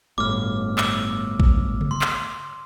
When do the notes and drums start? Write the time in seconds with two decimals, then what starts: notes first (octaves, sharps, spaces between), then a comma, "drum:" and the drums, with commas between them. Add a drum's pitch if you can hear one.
0.18 G1 A2 D6 F6
0.78 D6 E6, drum: clap
1.40 drum: kick
1.81 drum: tom C#3
1.91 C6
2.01 drum: clap